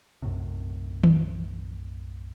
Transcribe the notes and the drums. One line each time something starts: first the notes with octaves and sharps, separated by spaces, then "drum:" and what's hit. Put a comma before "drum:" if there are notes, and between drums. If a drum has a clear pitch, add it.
B1 F#2 A2 C3
drum: tom D#3